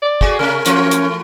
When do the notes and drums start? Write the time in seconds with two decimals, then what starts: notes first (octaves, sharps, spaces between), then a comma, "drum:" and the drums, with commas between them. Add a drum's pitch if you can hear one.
0.02 D5
0.21 A3 F#4 G#4, drum: kick
0.39 C3 A3 C#4 A#4
0.66 E3 A3 C#4 F#4, drum: hi-hat
0.91 drum: hi-hat